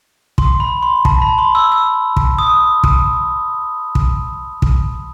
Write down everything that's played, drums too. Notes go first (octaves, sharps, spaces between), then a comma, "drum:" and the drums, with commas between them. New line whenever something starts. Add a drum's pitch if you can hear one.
C6, drum: kick
B5
C6
A5, drum: kick
B5
C6
E6
E6
drum: kick
D#6
drum: kick
drum: kick
drum: kick